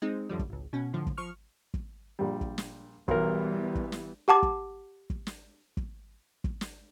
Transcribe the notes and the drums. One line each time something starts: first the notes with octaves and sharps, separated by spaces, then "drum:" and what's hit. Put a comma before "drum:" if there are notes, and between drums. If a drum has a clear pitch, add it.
G#3 C4 D#4
F#2 D3 F3 G3
drum: kick
G#1 C#2
B2 C#4
A2 D3 F3
drum: kick
F3 C#6 F6
drum: kick
A#1 G3
drum: kick
drum: snare
B1 E3 G3 B3 A#4, drum: kick
drum: kick
drum: snare
G4 F#5 A5 D6
drum: kick
drum: kick
drum: snare
drum: kick
drum: kick
drum: snare